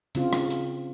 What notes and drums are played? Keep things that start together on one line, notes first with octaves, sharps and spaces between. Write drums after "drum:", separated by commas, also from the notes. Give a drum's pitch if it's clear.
C#3 C4 F4, drum: hi-hat
drum: rim click
drum: hi-hat